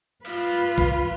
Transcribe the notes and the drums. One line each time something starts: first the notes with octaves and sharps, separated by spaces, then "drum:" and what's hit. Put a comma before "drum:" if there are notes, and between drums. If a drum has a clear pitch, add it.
F4 B4, drum: cymbal
drum: kick B1